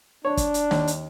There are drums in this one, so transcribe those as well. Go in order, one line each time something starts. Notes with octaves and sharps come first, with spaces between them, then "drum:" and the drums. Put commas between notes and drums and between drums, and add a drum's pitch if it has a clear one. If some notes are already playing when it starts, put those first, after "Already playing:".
D4 C#5
drum: kick, hi-hat
drum: hi-hat
D#2, drum: snare
drum: hi-hat